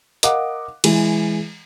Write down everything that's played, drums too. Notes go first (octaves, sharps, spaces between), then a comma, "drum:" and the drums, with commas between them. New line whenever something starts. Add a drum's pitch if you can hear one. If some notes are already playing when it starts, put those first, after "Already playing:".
A#4 D#5 F5 F#5 D6, drum: hi-hat
E3 G#3, drum: cymbal